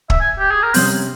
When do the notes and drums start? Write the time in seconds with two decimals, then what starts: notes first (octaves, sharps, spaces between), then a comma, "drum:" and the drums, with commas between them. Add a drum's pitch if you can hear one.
0.10 E5, drum: kick
0.20 G#5
0.39 G4
0.51 G#4
0.63 A#4
0.74 C3 G3 C#4 C5, drum: open hi-hat